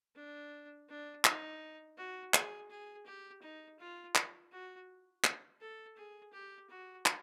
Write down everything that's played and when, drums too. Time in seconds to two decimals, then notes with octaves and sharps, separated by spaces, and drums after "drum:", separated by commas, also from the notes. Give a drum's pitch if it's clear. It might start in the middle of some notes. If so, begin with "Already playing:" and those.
0.16 D4
0.89 D4
1.25 D#4, drum: clap
1.98 F#4
2.34 G#4, drum: clap
2.70 G#4
3.06 G4
3.42 D#4
3.79 F4
4.15 drum: clap
4.52 F#4
5.24 drum: clap
5.61 A4
5.97 G#4
6.33 G4
6.70 F#4
7.06 drum: clap